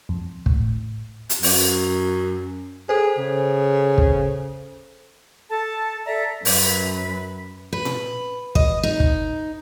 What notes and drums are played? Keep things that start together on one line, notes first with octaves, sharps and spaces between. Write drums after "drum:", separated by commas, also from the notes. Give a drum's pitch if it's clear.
F2
A2, drum: kick
drum: hi-hat
F#2, drum: open hi-hat
G#4 A4 C5
C#3
drum: kick
A4 A5
A4 D5 E5 A#5
F#2 B4, drum: open hi-hat
B4
drum: tom A#2
D#5, drum: kick
D#4
drum: kick